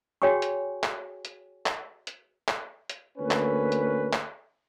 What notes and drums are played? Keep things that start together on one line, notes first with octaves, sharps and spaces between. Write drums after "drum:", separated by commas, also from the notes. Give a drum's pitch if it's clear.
F#4 G#4 C#5 G5 G#5 C#6
drum: hi-hat
drum: clap
drum: hi-hat
drum: clap
drum: hi-hat
drum: clap
drum: hi-hat
D2 A#3 C#4 B4
drum: clap
drum: hi-hat
drum: clap